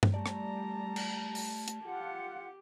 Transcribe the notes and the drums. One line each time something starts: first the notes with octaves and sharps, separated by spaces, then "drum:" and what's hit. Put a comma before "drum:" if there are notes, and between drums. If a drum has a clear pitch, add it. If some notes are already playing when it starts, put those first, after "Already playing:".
drum: tom G2
G3 A3 G4 D5 A5 A#5
drum: rim click
drum: cymbal
drum: open hi-hat
drum: hi-hat
F4 G4 F#5